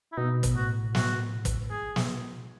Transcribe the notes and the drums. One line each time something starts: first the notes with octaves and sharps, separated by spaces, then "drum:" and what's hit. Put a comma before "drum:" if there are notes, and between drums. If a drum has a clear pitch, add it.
E4
B2 D#4
drum: kick, hi-hat
A2 F#4
F#4, drum: snare
drum: kick, hi-hat
G#2 G#4
drum: snare